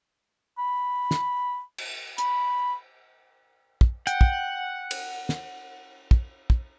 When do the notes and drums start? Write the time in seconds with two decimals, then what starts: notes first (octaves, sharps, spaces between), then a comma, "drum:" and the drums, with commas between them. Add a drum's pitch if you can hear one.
0.58 B5
1.11 drum: snare
1.78 drum: cymbal
2.18 B5, drum: hi-hat
3.81 drum: kick
4.07 F#5 G5, drum: hi-hat
4.21 drum: kick
4.91 drum: cymbal
5.29 drum: snare
6.11 drum: kick
6.50 drum: kick